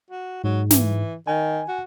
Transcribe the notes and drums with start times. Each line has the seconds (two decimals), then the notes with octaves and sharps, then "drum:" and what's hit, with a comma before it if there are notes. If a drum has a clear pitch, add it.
0.10 F#4
0.44 G#2 F#3
0.71 E3, drum: snare
1.27 D#3 G#5
1.68 F#4